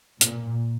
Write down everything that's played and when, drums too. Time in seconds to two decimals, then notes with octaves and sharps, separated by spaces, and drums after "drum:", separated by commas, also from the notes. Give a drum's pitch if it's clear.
0.21 A#2, drum: hi-hat